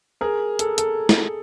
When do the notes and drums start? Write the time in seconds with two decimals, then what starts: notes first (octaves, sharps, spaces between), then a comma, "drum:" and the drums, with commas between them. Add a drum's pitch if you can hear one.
0.21 G#4 A#4
0.59 A4, drum: hi-hat
0.78 A4, drum: hi-hat
1.09 drum: snare